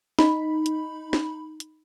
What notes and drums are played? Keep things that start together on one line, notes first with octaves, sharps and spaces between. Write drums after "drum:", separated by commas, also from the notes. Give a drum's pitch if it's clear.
D#4 B5, drum: snare
drum: hi-hat
drum: snare
drum: hi-hat